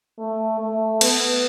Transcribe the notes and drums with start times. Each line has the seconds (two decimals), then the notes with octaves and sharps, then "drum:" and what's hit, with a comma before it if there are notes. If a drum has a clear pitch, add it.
0.19 A3
0.60 A3
1.01 B3, drum: cymbal